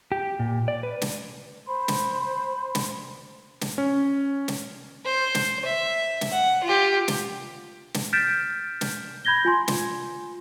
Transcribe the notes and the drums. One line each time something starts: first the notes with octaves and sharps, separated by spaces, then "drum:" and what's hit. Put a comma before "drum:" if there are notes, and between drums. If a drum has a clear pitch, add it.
G4
A#2
D5
B4
drum: snare
C5 B5 C6
drum: snare
drum: snare
drum: snare
C#4
drum: snare
C5
drum: snare
E5
drum: snare
F#5
F4 G4
drum: snare
drum: snare
F6 G6 A6 B6 D7 E7
drum: snare
B5 G6 G#6 A#6 G7
F4 G#5 C6
drum: snare